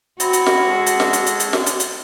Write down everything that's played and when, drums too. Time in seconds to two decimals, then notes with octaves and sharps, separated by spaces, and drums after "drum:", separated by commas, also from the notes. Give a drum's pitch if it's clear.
0.20 C4 E4 F#4 A#5, drum: hi-hat
0.33 drum: hi-hat
0.46 drum: snare
0.67 G#3 A4
0.86 drum: hi-hat
1.00 drum: snare
1.13 drum: hi-hat
1.26 drum: hi-hat
1.40 drum: hi-hat
1.53 drum: snare
1.66 drum: hi-hat
1.80 drum: hi-hat